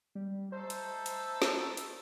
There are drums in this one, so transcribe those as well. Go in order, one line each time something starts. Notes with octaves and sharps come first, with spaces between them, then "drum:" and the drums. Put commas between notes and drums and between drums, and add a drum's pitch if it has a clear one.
G3
A3 D#4 A4 C5
drum: hi-hat
drum: hi-hat
drum: snare
drum: hi-hat